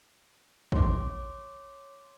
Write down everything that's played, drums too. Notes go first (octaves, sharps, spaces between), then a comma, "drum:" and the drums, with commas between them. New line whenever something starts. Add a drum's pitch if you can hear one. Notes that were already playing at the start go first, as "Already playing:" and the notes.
C#5 C6 D6, drum: kick A1